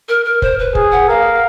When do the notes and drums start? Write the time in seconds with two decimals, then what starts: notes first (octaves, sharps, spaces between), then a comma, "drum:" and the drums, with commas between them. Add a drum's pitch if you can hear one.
0.09 A#4
0.25 A#4
0.42 C5, drum: kick F1
0.59 B4
0.75 G#4, drum: kick F1
0.92 F#5
1.09 A#4 F5